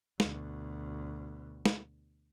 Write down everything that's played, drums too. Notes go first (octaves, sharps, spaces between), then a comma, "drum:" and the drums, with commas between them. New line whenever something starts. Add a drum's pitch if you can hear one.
D2 B2, drum: snare
drum: snare